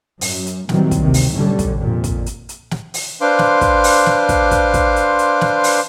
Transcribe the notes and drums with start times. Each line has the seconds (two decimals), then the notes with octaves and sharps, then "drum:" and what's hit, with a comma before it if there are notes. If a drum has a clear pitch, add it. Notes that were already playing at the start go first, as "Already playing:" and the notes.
0.21 F#2, drum: open hi-hat
0.46 drum: hi-hat
0.69 A#2 D#3 E3 F#3 G3 C4, drum: snare
0.91 drum: kick, hi-hat
1.01 G#1 D2 C3 D#3
1.14 drum: open hi-hat
1.32 B1 A2 D3 G3 C#4
1.59 drum: kick, hi-hat
1.78 F2 A#2
2.04 drum: kick, hi-hat
2.26 drum: hi-hat
2.49 drum: hi-hat
2.71 drum: snare
2.94 drum: open hi-hat
3.21 D4 B4 C5 F5 C6 D6
3.39 drum: snare
3.61 drum: kick, hi-hat
3.84 drum: open hi-hat
4.06 drum: snare
4.29 drum: kick, hi-hat
4.51 drum: kick, hi-hat
4.74 drum: kick, hi-hat
4.96 drum: hi-hat
5.19 drum: hi-hat
5.41 drum: snare
5.64 drum: open hi-hat